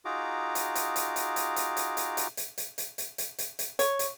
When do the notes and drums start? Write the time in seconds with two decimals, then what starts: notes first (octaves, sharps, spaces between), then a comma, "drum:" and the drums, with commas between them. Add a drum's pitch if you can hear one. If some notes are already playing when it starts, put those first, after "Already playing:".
0.05 D#4 F4 F#4 G#4 A#5 D6
0.55 drum: hi-hat
0.75 drum: hi-hat
0.96 drum: hi-hat
1.16 drum: hi-hat
1.36 drum: hi-hat
1.56 drum: hi-hat
1.77 drum: hi-hat
1.97 drum: hi-hat
2.17 drum: hi-hat
2.37 drum: hi-hat
2.58 drum: hi-hat
2.78 drum: hi-hat
2.98 drum: hi-hat
3.18 drum: hi-hat
3.38 drum: hi-hat
3.59 drum: hi-hat
3.79 C#5, drum: hi-hat
3.99 drum: hi-hat